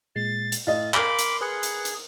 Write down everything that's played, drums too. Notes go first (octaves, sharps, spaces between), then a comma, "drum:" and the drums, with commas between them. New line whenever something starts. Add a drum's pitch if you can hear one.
A#2 G#3 A6 C7
drum: hi-hat
A2 D#5 F5 A6
A#4 B5 C6 D6 F6 G7, drum: clap
drum: hi-hat
G#4 B4 F#6 C#7
drum: hi-hat
drum: hi-hat